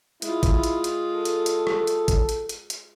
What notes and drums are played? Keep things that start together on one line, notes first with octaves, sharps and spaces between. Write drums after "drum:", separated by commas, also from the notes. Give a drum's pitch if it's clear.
G#3 E4 F4, drum: hi-hat
drum: kick, hi-hat
drum: hi-hat
drum: hi-hat
A4
drum: hi-hat
drum: hi-hat
drum: rim click
drum: hi-hat
drum: kick, hi-hat
drum: hi-hat
drum: hi-hat
drum: hi-hat